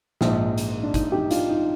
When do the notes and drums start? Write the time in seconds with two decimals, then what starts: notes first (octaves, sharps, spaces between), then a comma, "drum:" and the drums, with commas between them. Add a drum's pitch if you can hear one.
0.21 A#1 G#2 F3 G#3 D#4, drum: snare
0.58 drum: hi-hat
0.83 D4
0.94 D#4, drum: kick G1, hi-hat
1.12 D#4 G4
1.31 D4 F4, drum: hi-hat
1.49 D#4